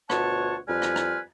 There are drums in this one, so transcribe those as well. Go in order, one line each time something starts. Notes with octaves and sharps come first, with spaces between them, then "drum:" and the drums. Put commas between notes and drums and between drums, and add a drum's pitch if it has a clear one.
D2 B2 F4 C#5 F#5 A5, drum: rim click
F2 G3 F4 B4 G#5 F6
drum: rim click
drum: rim click